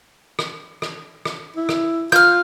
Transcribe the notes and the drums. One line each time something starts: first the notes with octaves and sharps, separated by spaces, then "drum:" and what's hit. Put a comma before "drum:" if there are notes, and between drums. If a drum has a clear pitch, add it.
drum: rim click
drum: rim click
drum: rim click
E4
drum: rim click
F4 F6 G6, drum: rim click